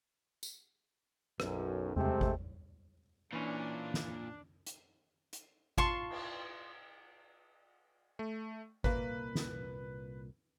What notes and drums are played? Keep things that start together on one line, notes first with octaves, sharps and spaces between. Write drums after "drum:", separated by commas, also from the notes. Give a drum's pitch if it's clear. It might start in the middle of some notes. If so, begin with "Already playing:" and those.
drum: tambourine
B1 F#2, drum: rim click
C3 G#3 A3 C4 G4, drum: tom E2
drum: kick G#1
A#2 E3 C#4 D4
drum: snare
drum: hi-hat
drum: hi-hat
F4 A5 C6 C#6, drum: kick G#1
drum: cymbal
A3
C2 A#2 A#3 B4, drum: kick G#1
drum: snare